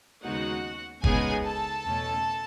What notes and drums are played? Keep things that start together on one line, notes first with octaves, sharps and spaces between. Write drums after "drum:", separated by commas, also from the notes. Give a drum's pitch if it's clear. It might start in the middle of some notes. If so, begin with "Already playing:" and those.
D#2 C#3 G#3 B3 D#4 F#4 F#5
C#2 C#3 G#3 B3 D#4 G#4 G#5, drum: kick
A4 A5
E2 B2 A3 C#4